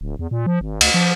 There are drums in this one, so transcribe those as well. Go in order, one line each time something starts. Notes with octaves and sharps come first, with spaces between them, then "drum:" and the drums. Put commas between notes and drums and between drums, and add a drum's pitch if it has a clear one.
D1
E2
A#2
F3
G#1
D2, drum: cymbal
F3